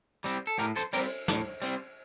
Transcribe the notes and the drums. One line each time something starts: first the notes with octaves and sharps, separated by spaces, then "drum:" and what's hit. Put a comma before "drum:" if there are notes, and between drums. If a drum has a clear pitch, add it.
G3 C4
A4
A2 G4 A#4
A4 C5
G3 C4 G4 A#4, drum: cymbal
A2, drum: snare
G3 C4